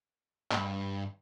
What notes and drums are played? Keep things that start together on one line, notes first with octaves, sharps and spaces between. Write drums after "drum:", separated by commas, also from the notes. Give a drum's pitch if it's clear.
A2, drum: clap
G2